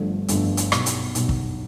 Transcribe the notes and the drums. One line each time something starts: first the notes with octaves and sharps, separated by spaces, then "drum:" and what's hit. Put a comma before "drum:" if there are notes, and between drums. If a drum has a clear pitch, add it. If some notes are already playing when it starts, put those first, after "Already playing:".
Already playing: G1 G2 D3 F3 A3
G1 G2 D3 F3 A3, drum: hi-hat
drum: hi-hat
B1 B2 G3, drum: rim click
drum: hi-hat
B1 B2 G3, drum: hi-hat
drum: kick